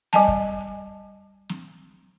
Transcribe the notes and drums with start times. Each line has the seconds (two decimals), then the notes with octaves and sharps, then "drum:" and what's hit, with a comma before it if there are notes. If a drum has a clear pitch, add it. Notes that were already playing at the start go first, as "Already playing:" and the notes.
0.13 G3 D#5 G#5 A5, drum: snare
0.28 drum: kick
1.49 drum: snare